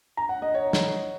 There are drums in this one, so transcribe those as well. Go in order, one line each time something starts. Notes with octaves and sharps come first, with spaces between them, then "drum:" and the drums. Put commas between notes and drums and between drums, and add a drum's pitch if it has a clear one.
A#5
F#5
D#5
C#5
drum: snare